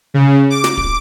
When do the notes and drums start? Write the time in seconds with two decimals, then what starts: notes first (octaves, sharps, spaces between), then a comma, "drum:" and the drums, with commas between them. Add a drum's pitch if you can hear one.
0.14 C#3
0.50 D6
0.64 drum: snare
0.77 drum: kick